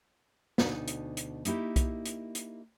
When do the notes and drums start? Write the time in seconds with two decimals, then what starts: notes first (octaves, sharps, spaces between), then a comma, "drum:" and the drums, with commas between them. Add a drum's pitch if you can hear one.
0.58 D2 B2 D4 D#4, drum: snare
0.88 drum: hi-hat
1.17 drum: hi-hat
1.45 A#3 D#4 E4 G4, drum: hi-hat
1.76 drum: kick B1, hi-hat
2.06 drum: hi-hat
2.35 drum: hi-hat